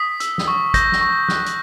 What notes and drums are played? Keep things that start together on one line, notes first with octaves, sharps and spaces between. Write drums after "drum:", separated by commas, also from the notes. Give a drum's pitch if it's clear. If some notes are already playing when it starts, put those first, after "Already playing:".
Already playing: D#6 B6
E6, drum: hi-hat
drum: snare
C#6
G6 A#6, drum: kick, hi-hat
drum: snare
C#6
F#6, drum: snare
drum: hi-hat